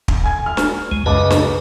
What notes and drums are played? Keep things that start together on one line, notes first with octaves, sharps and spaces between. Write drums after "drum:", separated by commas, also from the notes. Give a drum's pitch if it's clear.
drum: kick
G#5 G#6
F6
drum: snare
C#2 G#3
F#2 C#3 B4 D#5 A5 D6
drum: snare